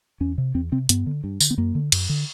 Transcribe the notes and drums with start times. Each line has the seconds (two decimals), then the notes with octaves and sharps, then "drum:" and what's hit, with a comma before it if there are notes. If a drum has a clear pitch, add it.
0.20 E2 C#4
0.38 C3
0.55 E2 C4
0.72 C3 C4
0.89 G2 B3, drum: hi-hat
1.06 D3
1.24 G2
1.40 D3, drum: tambourine
1.51 B3
1.58 F#2 A#3
1.75 D3
1.92 F#2, drum: cymbal
2.09 D3